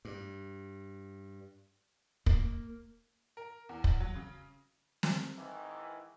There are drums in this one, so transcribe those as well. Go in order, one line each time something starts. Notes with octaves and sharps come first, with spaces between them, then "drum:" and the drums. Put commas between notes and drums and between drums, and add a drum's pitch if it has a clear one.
G2
A#3, drum: kick
A#4
E2
drum: kick
F#3
C#3
drum: snare
G#2 D#3 E3